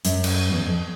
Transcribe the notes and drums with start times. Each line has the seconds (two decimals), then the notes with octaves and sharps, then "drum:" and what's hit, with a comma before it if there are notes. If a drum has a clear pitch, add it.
0.05 F#2, drum: hi-hat
0.24 drum: cymbal
0.52 E2
0.65 F2